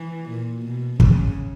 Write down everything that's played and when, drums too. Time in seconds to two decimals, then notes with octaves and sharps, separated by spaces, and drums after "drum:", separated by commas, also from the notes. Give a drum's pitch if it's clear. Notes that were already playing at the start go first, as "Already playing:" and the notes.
Already playing: E3
0.29 A#2
0.65 B2
1.00 C#3, drum: kick